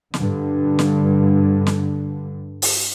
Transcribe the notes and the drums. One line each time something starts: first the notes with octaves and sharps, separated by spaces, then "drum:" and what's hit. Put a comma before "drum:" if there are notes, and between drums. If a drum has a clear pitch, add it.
G2 D3, drum: snare
drum: snare
drum: snare
drum: open hi-hat